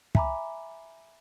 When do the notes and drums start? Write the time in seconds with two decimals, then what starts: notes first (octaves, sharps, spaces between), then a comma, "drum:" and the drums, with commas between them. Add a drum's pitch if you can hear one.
0.15 E5 G#5 A#5 B5 D6, drum: kick